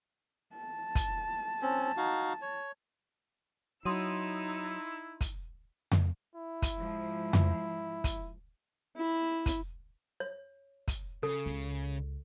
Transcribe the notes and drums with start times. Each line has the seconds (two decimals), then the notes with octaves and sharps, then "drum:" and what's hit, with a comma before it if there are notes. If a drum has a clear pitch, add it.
0.55 A5
0.95 drum: kick, hi-hat
1.62 C4 C#4
1.97 D#4 F#4 F5
2.42 C#5
3.85 F#3 D#4 E4 C6 D#6 E6 D#7
5.21 drum: kick, hi-hat
5.91 drum: tom F2
6.35 E4
6.62 drum: kick, hi-hat
6.77 G#2 F3
7.33 drum: tom F2
8.04 drum: kick, hi-hat
8.97 E4
9.46 drum: kick, hi-hat
10.20 C#5
10.88 drum: kick, hi-hat
11.23 C#3 A4
11.46 C#2